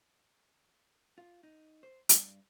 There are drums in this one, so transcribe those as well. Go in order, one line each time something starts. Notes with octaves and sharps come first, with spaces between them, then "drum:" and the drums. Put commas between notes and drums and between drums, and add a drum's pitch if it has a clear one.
F4
D#4
C5
G2, drum: hi-hat